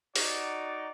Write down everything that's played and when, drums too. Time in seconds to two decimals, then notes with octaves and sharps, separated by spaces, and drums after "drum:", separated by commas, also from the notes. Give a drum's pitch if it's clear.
0.16 D#4 F#4 D5, drum: open hi-hat